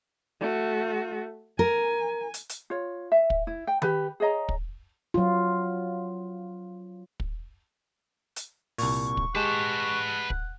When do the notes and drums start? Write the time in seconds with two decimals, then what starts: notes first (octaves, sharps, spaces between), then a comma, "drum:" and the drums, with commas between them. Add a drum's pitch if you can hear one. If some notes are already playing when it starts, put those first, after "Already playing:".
0.41 A3 F#4
1.59 A#4 G#5
2.34 drum: hi-hat
2.49 drum: hi-hat
2.70 F4 C#5
3.12 E5
3.30 drum: kick
3.47 E4
3.67 G5
3.82 G4 B4 B5, drum: tom D#3
4.20 G#4 C#5 D#5 A#5
4.49 drum: kick
5.14 F#3 F4
7.20 drum: kick
8.36 drum: hi-hat
8.78 C2 A#2 C#6, drum: open hi-hat
9.17 drum: kick
9.35 G#3 G4 B4 F#5 A5
10.30 drum: kick